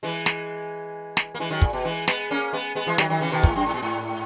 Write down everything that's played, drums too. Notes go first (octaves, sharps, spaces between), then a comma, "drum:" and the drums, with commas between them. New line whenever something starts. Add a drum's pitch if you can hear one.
E3 G#3
drum: snare
drum: snare
A#3
E3 G#3
D#3 F#3
A#2, drum: kick
B2
E3 G#3
G#3 B3, drum: snare
A#3 C#4
G#3 B3
G#3 B3
E3 G#3
D#3 F#3, drum: snare
D#3 F#3
C#3 E3
B2 D#3
G#2, drum: kick
F#2
G#2
A#2
G#2